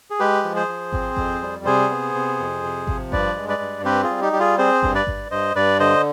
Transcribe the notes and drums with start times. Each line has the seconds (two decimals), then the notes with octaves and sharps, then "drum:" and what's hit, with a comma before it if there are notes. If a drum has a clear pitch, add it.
0.10 G#4
0.20 G#3 G4 B4
0.44 F3
0.56 G#4 C5
0.68 F3
0.93 C4, drum: kick G#1
1.17 F2, drum: kick G#1
1.42 G3
1.65 C3 G#4 C5
1.90 B3
2.15 C3
2.40 F2
2.64 C3
2.87 F3, drum: kick G#1
3.12 G2 B4 D5, drum: kick G#1
3.36 G#3
3.48 B4 D5
3.61 G2
3.84 C4 G4 B4
4.03 F4 G#4
4.10 G3
4.22 D#4 G4
4.33 G3 G4
4.39 F4 G#4
4.58 C4 G#4 C5
4.83 G2, drum: kick G#1
4.95 B4 D5
5.07 G2, drum: kick G#1
5.31 G2 C5 D#5
5.55 G2 B4 D5
5.80 D3 C5 D#5